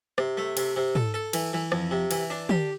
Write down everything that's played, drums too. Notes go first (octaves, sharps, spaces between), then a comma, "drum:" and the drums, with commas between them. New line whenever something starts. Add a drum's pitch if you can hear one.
C3, drum: rim click
A3
C3, drum: cymbal
C3
A4, drum: tom
A4
E3, drum: cymbal
E3
F2, drum: rim click
C3
E3, drum: cymbal
D4
G4, drum: tom